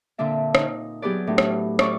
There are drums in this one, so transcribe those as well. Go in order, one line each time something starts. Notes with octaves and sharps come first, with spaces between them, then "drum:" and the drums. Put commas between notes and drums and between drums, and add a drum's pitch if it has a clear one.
A#2 D3 C4 D4 E5
D#4, drum: rim click
F#3 B3 G4 G#4 B4 D5
A2 D4
drum: rim click
A3 A4 D5 C#6 D6, drum: rim click